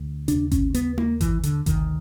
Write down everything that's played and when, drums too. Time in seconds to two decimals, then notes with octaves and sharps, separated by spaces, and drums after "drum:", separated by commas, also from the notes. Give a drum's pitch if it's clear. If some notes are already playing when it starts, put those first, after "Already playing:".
Already playing: D2
0.28 D#2 C#3 D4, drum: hi-hat
0.51 C#4, drum: kick G#1, hi-hat
0.74 B3, drum: hi-hat
0.98 A#3, drum: tom D#4
1.21 E3, drum: kick G#1, hi-hat
1.43 D3, drum: hi-hat
1.66 D2 C3 D#3, drum: kick G#1, hi-hat